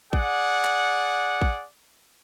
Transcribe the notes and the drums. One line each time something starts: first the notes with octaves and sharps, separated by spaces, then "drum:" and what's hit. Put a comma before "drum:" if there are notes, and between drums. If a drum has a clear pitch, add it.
G#4 D5 F#5, drum: kick
drum: clap
drum: kick